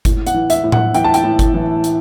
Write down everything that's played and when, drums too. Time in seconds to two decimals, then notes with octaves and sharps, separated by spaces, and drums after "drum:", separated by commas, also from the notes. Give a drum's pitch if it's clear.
0.05 A2, drum: kick G1, hi-hat
0.27 F#5, drum: hi-hat
0.34 E3
0.50 E5, drum: hi-hat
0.64 A2
0.72 F#5, drum: tom A2
0.94 E3 G5, drum: hi-hat
1.04 A5
1.14 G5, drum: hi-hat
1.24 A2
1.39 drum: kick G1, hi-hat
1.54 E3
1.84 drum: hi-hat